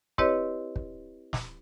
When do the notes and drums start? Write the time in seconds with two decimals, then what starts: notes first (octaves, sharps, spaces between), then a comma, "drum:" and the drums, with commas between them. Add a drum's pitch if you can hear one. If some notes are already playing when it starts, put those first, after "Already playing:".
0.18 C4 E4 G4 B4 C#5 D#5, drum: kick
0.76 drum: kick
1.33 drum: snare